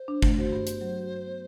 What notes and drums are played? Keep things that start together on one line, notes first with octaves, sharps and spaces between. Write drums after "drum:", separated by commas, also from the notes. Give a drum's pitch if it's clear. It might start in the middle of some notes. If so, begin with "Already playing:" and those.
Already playing: C5
D4
A3, drum: kick
F#4 C5
G2
B3, drum: hi-hat
F#3
F#4
G2
B3